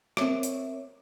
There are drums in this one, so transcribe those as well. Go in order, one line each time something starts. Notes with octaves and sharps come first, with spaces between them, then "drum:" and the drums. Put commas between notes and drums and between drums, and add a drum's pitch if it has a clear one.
C4 A#4 C#5 E5, drum: rim click
drum: hi-hat